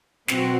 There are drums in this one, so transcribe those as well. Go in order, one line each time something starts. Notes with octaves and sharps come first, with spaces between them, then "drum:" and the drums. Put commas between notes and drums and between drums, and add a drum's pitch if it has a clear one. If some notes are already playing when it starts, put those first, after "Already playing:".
B2 F#3 C4 F#4, drum: snare